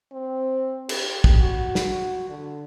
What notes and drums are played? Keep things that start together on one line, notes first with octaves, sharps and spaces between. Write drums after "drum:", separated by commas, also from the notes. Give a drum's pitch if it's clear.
C4
G4, drum: cymbal
drum: kick
F#4
drum: snare
D3